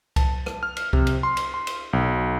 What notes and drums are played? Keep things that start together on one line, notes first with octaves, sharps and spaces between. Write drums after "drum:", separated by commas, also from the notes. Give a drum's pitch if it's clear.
A5, drum: kick C2, cymbal
drum: rim click
F6
drum: cymbal
C3, drum: kick C2
drum: cymbal
C6
drum: cymbal
C6
drum: cymbal
B1